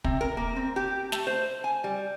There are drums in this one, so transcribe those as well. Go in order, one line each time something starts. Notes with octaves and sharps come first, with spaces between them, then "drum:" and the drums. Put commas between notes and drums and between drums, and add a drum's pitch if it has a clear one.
C3, drum: kick
A#4
A#3
C4
G4
A3, drum: snare
C5
G#5
G3